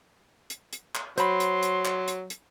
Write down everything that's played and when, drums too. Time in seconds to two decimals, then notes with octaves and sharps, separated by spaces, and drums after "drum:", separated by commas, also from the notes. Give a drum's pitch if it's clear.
0.50 drum: hi-hat
0.73 drum: hi-hat
0.95 drum: clap
1.18 F#3 C5 B5 C6, drum: hi-hat
1.40 drum: hi-hat
1.63 drum: hi-hat
1.85 drum: clap
2.08 drum: hi-hat
2.30 drum: hi-hat